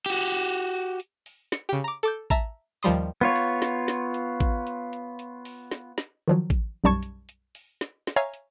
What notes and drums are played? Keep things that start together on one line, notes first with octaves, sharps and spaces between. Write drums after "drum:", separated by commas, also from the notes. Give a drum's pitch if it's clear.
F#4 G4
drum: hi-hat
drum: open hi-hat
C#7, drum: snare
C#3 G4
A#5 D6
A4 D6 G6, drum: hi-hat
E5 A5 A#5, drum: kick A1, hi-hat
D#2 D#3 F3 G3 C6 D#6, drum: hi-hat
B3 F4 C#5
drum: open hi-hat
drum: snare
drum: snare
drum: hi-hat
drum: kick A1, hi-hat
drum: hi-hat
drum: hi-hat
drum: hi-hat
drum: open hi-hat
drum: snare
drum: snare
D#3 F3 F#3
drum: kick A1, hi-hat
B1 F#2 G3 A5 C#6 G#6
drum: hi-hat
drum: hi-hat
drum: open hi-hat
drum: snare
drum: snare
C#5 E5 F5 G#5 A#5 G#6
drum: hi-hat